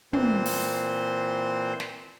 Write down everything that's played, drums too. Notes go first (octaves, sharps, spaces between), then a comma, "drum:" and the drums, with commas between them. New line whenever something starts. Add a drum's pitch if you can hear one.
A#2 E3 C4 C5 C6, drum: tom
drum: open hi-hat
drum: snare